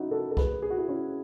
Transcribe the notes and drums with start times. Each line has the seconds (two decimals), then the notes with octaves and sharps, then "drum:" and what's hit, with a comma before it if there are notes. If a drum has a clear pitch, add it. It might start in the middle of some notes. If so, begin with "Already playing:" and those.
Already playing: C#4 D#4 E4 F#4
0.11 F#4 A4
0.31 A4
0.37 G#4 B4, drum: kick C2
0.62 G#4
0.70 F#4
0.77 E4 G#4
0.88 C#4 E4